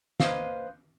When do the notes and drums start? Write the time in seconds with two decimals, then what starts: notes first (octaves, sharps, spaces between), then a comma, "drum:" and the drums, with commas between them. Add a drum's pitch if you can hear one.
0.20 A#3 B4 C5 D#5 F5, drum: snare